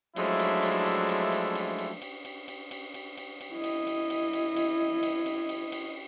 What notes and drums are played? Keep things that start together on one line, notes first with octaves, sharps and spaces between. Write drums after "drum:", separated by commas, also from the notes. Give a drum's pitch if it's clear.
F3 F#3 G#3 A3 D4 E4, drum: cymbal
drum: cymbal
drum: cymbal
drum: cymbal
drum: cymbal
drum: cymbal
drum: cymbal
drum: cymbal
drum: cymbal
drum: cymbal
drum: cymbal
drum: cymbal
drum: cymbal
drum: cymbal
drum: cymbal
E4 D#5
drum: cymbal
drum: cymbal
drum: cymbal
drum: cymbal
drum: cymbal
drum: cymbal
drum: cymbal
drum: cymbal
drum: cymbal